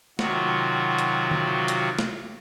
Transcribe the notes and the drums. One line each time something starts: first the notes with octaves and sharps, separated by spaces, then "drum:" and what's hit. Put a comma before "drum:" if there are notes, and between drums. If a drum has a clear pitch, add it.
C3 D#3 F#3 F4 F#4, drum: snare
drum: hi-hat
drum: tom D3
drum: hi-hat
drum: snare